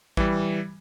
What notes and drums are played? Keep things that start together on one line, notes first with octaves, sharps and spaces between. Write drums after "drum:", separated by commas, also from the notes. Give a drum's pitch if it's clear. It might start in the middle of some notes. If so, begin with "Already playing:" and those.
E3 G3, drum: kick A1